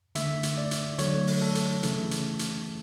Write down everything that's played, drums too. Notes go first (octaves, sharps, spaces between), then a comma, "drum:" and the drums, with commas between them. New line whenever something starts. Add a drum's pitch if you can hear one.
D3 A3 E5, drum: hi-hat
drum: hi-hat
D5
drum: hi-hat
D3 F#3 A3 C#5, drum: hi-hat
drum: open hi-hat
A4
drum: hi-hat
C#3 E3 A3, drum: hi-hat
drum: hi-hat
drum: hi-hat